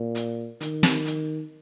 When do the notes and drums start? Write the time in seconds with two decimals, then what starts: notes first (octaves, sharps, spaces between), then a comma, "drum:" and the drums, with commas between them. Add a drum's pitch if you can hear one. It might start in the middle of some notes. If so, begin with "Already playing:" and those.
Already playing: A#2
0.15 drum: hi-hat
0.61 D#3, drum: hi-hat
0.83 drum: snare
1.06 drum: hi-hat